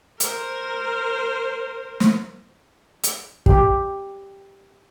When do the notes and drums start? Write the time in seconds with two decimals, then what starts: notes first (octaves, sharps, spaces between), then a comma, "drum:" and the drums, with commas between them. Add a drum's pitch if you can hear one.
0.20 A#4 C5, drum: hi-hat
2.00 drum: snare
3.04 drum: hi-hat
3.46 G4, drum: kick